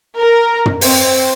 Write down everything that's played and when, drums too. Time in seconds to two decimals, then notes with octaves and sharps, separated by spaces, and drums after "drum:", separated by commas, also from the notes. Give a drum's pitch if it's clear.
0.18 A#4
0.66 drum: tom
0.81 C4, drum: open hi-hat